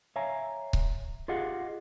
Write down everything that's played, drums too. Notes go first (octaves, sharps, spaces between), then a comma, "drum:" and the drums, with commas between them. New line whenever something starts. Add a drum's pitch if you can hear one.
C#5 E5 F5 G#5 A#5
drum: kick C#1
F4 G4 G#4 D#5 F5 F#5